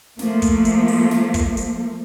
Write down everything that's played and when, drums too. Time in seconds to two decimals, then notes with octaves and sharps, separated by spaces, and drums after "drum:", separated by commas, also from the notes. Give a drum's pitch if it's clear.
0.19 F3 A3 A#3, drum: snare
0.42 drum: kick, hi-hat
0.65 drum: hi-hat
0.88 drum: open hi-hat
1.11 drum: snare
1.34 drum: kick, hi-hat
1.57 drum: hi-hat